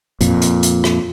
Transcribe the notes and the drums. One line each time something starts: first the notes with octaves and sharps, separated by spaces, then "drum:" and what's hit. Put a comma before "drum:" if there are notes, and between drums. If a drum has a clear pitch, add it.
F2 A#2, drum: hi-hat
drum: hi-hat
drum: hi-hat
drum: rim click